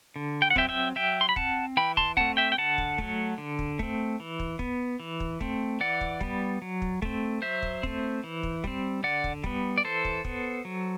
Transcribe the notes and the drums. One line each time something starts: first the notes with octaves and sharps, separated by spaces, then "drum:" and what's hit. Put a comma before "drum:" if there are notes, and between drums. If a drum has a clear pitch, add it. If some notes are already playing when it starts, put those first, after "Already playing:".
D3
G5
F#5
F#3 C4 E5 G5, drum: kick
E5 G5
F#3 E5 G5
C6
B5
C4 F#5 A5, drum: kick
E3 G5 B5
A5 C6, drum: kick
A3 C4 F#5 A5, drum: kick
E5 G5
G5
D3 F#5 A5
drum: kick
F#3 A3, drum: kick
D3
drum: kick
A3 C4, drum: kick
E3
drum: kick
B3, drum: kick
E3
drum: kick
A3 C4, drum: kick
E3 D5 F#5
drum: kick
G3 B3, drum: kick
F#3
drum: kick
A3 C4, drum: kick
F#3 C5 E5
drum: kick
A3 C4, drum: kick
E3
drum: kick
G3 C4, drum: kick
D3 D5 F#5
drum: kick
G3 B3, drum: kick
D5
E3 A4 C5
drum: kick
B3, drum: kick
F#3